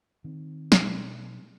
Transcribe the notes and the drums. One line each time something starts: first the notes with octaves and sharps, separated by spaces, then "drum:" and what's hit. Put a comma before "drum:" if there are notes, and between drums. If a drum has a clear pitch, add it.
D#3 C4
B2 F#3, drum: snare